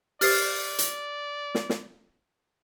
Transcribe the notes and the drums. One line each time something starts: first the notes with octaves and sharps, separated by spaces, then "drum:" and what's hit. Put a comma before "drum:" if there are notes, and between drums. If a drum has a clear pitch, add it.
G4 C5 D5 D#6 F6 A6 C7, drum: open hi-hat
drum: hi-hat
drum: snare
drum: snare